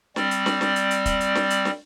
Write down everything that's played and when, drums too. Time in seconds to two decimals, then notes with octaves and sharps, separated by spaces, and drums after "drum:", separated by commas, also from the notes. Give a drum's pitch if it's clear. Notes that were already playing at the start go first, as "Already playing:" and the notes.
0.16 G3 C4 D5, drum: snare
0.31 drum: hi-hat
0.46 drum: snare
0.61 drum: snare
0.76 drum: hi-hat
0.91 drum: hi-hat
1.06 drum: kick, hi-hat
1.20 drum: hi-hat
1.35 drum: snare
1.50 drum: hi-hat
1.65 drum: snare